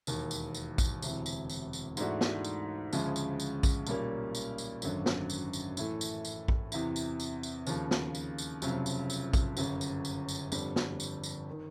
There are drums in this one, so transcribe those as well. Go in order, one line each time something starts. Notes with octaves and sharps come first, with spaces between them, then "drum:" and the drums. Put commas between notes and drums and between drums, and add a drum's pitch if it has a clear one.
E1 D#2 D#3, drum: tambourine
drum: tambourine
drum: tambourine
drum: kick A#1, tambourine
E1 D2 C3 E3, drum: tambourine
drum: tambourine
drum: tambourine
drum: tambourine
G#2 E3 A3 D4 F#4, drum: tambourine
drum: snare
drum: tambourine
D2 C#3 F3 G#3, drum: tambourine
drum: tambourine
drum: tambourine
drum: kick A#1, tambourine
B1 A#2 G3 A#3 C#4, drum: tambourine
drum: tambourine
drum: tambourine
G#1 F#2 D3 F#3, drum: tambourine
drum: snare
drum: tambourine
drum: tambourine
A2 E3 A3, drum: tambourine
drum: tambourine
drum: tambourine
drum: kick A#1
E2 C3 E3, drum: tambourine
drum: tambourine
drum: tambourine
drum: tambourine
D#2 C#3 F3, drum: tambourine
drum: snare
drum: tambourine
drum: tambourine
F1 F2 C#3 F#3, drum: tambourine
drum: tambourine
drum: tambourine
drum: kick A#1, tambourine
G1 F#2 C#3, drum: tambourine
drum: tambourine
drum: tambourine
drum: tambourine
G1 F2 D3 G3, drum: tambourine
drum: snare
drum: tambourine
drum: tambourine
D#3